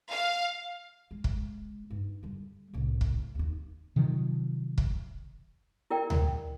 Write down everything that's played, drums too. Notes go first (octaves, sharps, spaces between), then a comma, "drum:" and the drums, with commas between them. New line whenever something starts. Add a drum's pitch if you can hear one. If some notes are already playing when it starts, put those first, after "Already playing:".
F5
G#3
drum: kick
G2 D#4
D3 G3
C2 A2
drum: kick
D#2 D#4
C3 D#3 F3 F#3
drum: kick
E4 A#4 D5 G5
drum: tom D2